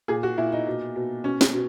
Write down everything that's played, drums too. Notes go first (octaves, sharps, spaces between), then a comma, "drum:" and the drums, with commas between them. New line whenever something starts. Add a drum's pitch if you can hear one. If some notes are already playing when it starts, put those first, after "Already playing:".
A#2 G#4
F#4
A#2 E4
D#4
B2
B2
B2 C#4
drum: snare
B2